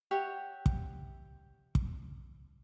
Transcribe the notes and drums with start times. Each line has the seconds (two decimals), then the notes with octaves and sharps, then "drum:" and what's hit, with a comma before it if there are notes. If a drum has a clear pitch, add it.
0.11 G4 C#5 E5 F#5
0.66 drum: kick
1.75 drum: kick